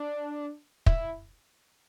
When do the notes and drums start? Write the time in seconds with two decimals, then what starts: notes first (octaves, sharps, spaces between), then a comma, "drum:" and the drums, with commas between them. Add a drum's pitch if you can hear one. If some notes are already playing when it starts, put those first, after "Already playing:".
Already playing: D4
0.86 E4, drum: kick